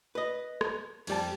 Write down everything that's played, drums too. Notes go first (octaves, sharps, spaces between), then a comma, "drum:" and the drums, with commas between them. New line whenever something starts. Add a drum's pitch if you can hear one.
B4 D#5
drum: rim click
F2 G3 A5, drum: cymbal